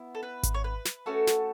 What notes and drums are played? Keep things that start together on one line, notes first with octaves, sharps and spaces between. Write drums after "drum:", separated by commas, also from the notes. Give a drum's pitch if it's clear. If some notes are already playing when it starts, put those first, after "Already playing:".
Already playing: B3 E4
A4
B4
drum: kick G#1, hi-hat
C#5
B4
drum: snare
A3 C#4 F#4 A4
drum: snare